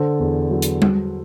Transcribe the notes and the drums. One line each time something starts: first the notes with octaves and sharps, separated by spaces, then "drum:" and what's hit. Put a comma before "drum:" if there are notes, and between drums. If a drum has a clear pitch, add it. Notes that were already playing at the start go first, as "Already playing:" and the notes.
Already playing: D3 A4 C5
E2
F#3
drum: hi-hat
F#3, drum: tom G3